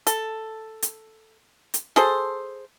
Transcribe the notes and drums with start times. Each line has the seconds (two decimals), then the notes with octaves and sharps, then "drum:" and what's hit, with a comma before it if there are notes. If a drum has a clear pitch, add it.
0.07 A4, drum: hi-hat
0.82 drum: hi-hat
1.74 drum: hi-hat
1.96 G#4 A4 C5, drum: snare